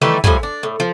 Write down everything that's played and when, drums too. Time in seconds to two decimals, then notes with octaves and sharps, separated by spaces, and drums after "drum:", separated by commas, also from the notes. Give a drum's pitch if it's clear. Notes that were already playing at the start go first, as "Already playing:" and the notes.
0.02 D#3 E3 G3 A3
0.24 A2 F3 G3 G#5, drum: kick
0.43 D4
0.63 A2
0.80 F3